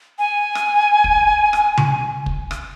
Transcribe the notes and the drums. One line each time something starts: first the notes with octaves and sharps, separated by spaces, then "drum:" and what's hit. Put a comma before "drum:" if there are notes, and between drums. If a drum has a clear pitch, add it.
G#5
drum: rim click
drum: kick
drum: rim click
drum: tom C#3
drum: kick
drum: rim click